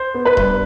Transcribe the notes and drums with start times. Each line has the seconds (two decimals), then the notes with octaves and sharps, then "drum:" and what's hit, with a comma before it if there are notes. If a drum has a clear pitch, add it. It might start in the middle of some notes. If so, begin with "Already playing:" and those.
Already playing: C5
0.14 B3
0.25 B4
0.37 G2, drum: kick D#1